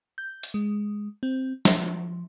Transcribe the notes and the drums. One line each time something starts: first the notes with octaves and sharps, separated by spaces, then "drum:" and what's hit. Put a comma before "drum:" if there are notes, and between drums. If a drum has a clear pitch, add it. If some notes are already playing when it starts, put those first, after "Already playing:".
G6
drum: hi-hat
G#3
C4
F3, drum: snare